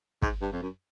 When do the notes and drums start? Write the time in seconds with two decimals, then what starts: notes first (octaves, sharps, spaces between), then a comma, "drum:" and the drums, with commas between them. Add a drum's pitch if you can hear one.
0.22 G#2, drum: kick
0.42 G2
0.52 F2
0.62 F#2